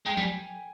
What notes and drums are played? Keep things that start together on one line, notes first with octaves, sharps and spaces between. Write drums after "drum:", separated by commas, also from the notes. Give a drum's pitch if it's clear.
G#3 G5
G3, drum: tom F3
G#5